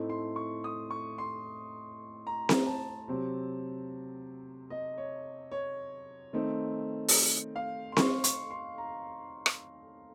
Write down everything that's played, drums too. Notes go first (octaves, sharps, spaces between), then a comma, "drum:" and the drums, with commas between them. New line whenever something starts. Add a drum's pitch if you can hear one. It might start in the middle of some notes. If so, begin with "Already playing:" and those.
Already playing: A2 A3 C4 D#4
C6
C#6
D#6
C#6
C6
A#5
drum: snare C4
A5
C3 F#3 C4
D#5
C#5
C#5
D#3 A3 C4 D#4
drum: open hi-hat
F5
C6
C#6, drum: snare C4
C#6, drum: hi-hat
C6
A#5
drum: rim click